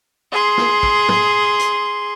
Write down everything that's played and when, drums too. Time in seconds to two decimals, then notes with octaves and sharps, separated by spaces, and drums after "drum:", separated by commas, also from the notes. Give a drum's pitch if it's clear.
0.32 G#4 C6
0.58 drum: snare
0.83 drum: kick
1.08 drum: tom
1.59 drum: hi-hat